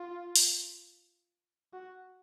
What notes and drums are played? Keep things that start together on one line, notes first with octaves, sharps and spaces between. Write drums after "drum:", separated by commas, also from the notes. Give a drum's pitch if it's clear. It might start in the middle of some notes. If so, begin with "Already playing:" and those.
Already playing: F4
drum: open hi-hat
F#4